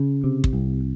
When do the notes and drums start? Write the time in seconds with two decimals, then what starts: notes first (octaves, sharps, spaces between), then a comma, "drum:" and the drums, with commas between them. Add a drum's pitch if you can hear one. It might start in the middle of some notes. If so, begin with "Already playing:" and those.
Already playing: C#3
0.24 C3
0.44 drum: kick
0.53 C2